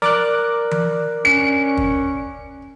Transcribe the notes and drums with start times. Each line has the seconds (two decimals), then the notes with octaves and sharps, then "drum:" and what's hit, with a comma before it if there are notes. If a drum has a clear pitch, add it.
0.02 A#4 D5 D6 F#6, drum: snare
0.71 drum: tom E3
1.25 C#4 C#7
1.77 drum: kick